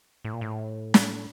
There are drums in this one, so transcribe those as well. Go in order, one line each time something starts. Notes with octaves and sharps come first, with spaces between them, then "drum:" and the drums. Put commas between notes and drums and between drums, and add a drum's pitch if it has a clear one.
A2
A#2
A2
drum: snare